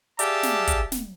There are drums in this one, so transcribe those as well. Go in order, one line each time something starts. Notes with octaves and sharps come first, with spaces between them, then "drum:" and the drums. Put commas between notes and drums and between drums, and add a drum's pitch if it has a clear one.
G4 G#4 D5 E5 F5 A5, drum: hi-hat
drum: snare
drum: kick, hi-hat
drum: snare